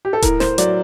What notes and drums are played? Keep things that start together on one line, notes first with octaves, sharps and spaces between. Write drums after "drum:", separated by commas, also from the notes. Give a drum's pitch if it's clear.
G4
A4
A2 A#4, drum: kick D#1, hi-hat
C5, drum: snare
F#3 D5, drum: hi-hat